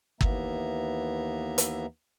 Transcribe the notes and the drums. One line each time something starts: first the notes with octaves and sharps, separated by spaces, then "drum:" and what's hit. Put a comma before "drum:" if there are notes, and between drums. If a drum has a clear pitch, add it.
D#2 E3 A#3 B3 E5 A#5, drum: kick
drum: hi-hat